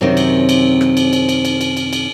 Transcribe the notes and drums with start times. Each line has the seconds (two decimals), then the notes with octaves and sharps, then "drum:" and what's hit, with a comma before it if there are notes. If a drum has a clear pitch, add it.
0.01 F#2 C3 D#3 C4 C#4
0.17 drum: cymbal
0.49 drum: cymbal
0.81 drum: rim click
0.97 drum: cymbal
1.13 drum: cymbal
1.29 drum: cymbal
1.45 drum: cymbal
1.61 drum: cymbal
1.77 drum: cymbal
1.93 drum: cymbal